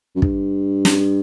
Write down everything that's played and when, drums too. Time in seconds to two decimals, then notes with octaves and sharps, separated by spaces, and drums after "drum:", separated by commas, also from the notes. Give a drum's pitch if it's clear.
0.16 F#2
0.22 G2, drum: kick
0.85 drum: snare